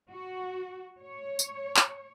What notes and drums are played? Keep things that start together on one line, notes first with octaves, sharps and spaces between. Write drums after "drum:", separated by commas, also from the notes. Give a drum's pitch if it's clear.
F#4
C#5
drum: tambourine
drum: clap